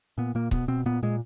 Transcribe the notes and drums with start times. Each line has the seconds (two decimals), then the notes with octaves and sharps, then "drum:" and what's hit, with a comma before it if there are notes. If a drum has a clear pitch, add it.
0.18 A#2 B3
0.35 A#2 A#3
0.51 B2 B3, drum: kick C#1
0.68 B2 C4
0.86 A#2 B3
1.03 A#2 G#3